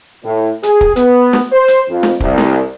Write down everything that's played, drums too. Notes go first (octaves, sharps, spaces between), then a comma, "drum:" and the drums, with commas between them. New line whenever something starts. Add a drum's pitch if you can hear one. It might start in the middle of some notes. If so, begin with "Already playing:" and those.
A2
G#4, drum: hi-hat
drum: kick
B3, drum: hi-hat
drum: snare
C5
drum: hi-hat
F2
drum: snare
C2, drum: kick
drum: snare